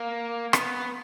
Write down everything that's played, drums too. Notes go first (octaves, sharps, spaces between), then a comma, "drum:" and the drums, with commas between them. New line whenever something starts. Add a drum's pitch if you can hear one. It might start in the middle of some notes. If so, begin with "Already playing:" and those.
Already playing: A#3
B3, drum: rim click